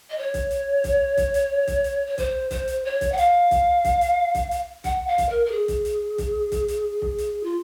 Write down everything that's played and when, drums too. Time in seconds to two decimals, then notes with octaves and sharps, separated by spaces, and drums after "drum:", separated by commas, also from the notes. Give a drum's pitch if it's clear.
0.10 D#5
0.18 C#5
0.34 drum: kick, hi-hat
0.51 drum: hi-hat
0.84 drum: kick, hi-hat
1.17 drum: kick, hi-hat
1.34 drum: hi-hat
1.68 drum: kick, hi-hat
1.84 drum: hi-hat
2.07 C#5
2.18 C5, drum: kick, hi-hat
2.51 C5, drum: kick, hi-hat
2.68 drum: hi-hat
2.85 C#5
3.01 drum: kick, hi-hat
3.12 F#5
3.18 F5, drum: hi-hat
3.51 drum: kick, hi-hat
3.85 drum: kick, hi-hat
4.01 drum: hi-hat
4.35 drum: kick, hi-hat
4.51 drum: hi-hat
4.84 F#5, drum: kick, hi-hat
5.07 F5
5.18 drum: kick, hi-hat
5.29 A#4
5.46 A#4
5.51 G#4
5.68 drum: kick, hi-hat
5.85 drum: hi-hat
6.18 drum: kick, hi-hat
6.52 drum: kick, hi-hat
6.68 drum: hi-hat
7.02 drum: kick
7.18 drum: hi-hat
7.43 F4